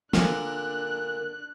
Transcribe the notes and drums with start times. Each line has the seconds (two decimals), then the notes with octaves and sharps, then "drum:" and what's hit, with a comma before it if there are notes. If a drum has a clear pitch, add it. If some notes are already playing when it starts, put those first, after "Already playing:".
0.13 A#2 D3 D4 A#4 F#6, drum: snare